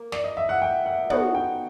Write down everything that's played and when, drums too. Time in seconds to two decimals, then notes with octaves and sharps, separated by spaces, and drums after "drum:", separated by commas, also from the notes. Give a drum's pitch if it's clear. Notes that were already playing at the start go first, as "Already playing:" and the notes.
Already playing: A#3
0.12 D5, drum: snare
0.24 D#5
0.37 E5
0.49 F#5
0.62 G5
0.86 F#5
1.10 B3 D#4 F#4 A4 F#5, drum: tom
1.35 G5